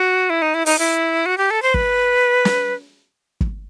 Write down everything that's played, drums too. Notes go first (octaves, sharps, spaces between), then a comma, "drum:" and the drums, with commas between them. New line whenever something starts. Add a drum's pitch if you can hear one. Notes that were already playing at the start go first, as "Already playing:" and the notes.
Already playing: F#4
E4
D#4
E4
D#4, drum: open hi-hat
E4
F#4
G4
A4
C5
B4, drum: kick
drum: snare
drum: kick